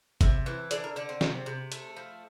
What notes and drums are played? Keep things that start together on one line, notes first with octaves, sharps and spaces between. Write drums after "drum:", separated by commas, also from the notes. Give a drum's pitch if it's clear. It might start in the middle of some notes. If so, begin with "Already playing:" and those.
C3 E5, drum: kick F#1, hi-hat
E3
D3 D5, drum: hi-hat
A#4
D3 D4
C4
C3 C4, drum: snare
C3
A3, drum: hi-hat
F3